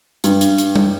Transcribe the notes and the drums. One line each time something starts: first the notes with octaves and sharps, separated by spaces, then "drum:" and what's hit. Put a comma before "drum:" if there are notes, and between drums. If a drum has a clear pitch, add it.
G2, drum: hi-hat
drum: hi-hat
drum: hi-hat
drum: tom G3